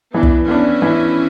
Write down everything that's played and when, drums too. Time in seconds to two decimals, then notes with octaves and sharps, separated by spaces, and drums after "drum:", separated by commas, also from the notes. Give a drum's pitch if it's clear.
0.14 E3 B3 D4
0.23 drum: kick
0.47 B3 C#4 D4 E4
0.82 E3